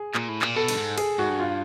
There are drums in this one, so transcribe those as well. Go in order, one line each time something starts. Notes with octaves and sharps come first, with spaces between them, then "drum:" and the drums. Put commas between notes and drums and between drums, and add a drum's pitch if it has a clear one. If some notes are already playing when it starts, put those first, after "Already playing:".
Already playing: G#4
A#2, drum: clap
A2
A#2, drum: clap
B2 A4
G2, drum: cymbal
G#2
G#4, drum: cymbal
G#2 F#4
G2
F4